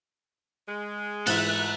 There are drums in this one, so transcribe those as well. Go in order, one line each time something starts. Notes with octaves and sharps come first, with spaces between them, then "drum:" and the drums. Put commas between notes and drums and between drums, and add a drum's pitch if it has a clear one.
G#3
G#2 E3 A4 E5 F#6, drum: cymbal